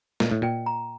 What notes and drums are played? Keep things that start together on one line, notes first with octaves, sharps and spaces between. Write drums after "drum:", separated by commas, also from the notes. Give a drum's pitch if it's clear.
A#2 D#5, drum: snare
A2
A#2 G5
A#5